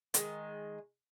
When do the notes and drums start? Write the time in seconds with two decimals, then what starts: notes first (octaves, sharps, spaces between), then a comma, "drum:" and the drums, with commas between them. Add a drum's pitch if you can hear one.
0.14 D#3 G#3, drum: hi-hat